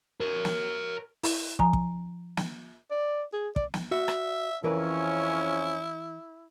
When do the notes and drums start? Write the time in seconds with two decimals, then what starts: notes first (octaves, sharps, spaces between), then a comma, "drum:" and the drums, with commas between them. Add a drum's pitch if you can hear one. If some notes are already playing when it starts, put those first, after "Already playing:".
0.21 A#4 C#5
0.45 drum: snare
1.23 E4, drum: open hi-hat
1.59 F3 G#5 A#5, drum: kick
1.73 drum: kick
2.37 drum: snare
2.91 D5
3.33 G#4
3.56 D5, drum: kick
3.74 drum: snare
3.91 F#4 E5
4.08 drum: rim click
4.64 F2 E3 C#4 E4 A#4 B4